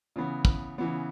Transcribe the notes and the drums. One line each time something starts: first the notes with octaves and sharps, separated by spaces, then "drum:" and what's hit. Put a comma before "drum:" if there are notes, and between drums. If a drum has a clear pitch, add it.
C#3 E3 B3
drum: kick
C#3 E3 B3